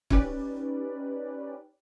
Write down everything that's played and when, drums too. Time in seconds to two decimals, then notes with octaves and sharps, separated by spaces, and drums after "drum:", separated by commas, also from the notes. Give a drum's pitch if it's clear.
0.10 C#4 D#4 G4 B4 D5, drum: kick C#1